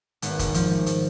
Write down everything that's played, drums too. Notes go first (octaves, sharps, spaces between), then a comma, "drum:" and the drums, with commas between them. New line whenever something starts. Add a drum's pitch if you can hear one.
G#1 B3, drum: hi-hat
G#2, drum: kick, hi-hat
F3, drum: hi-hat
G#1
drum: hi-hat